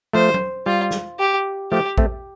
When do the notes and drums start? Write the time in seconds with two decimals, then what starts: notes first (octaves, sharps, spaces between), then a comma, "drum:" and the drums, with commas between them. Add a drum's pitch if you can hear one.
0.13 F3 A3 C5
0.34 drum: tom F#3
0.66 G3 F4
0.91 drum: snare
1.19 G4
1.71 F3 A3 G4
1.98 A3 C4, drum: kick A1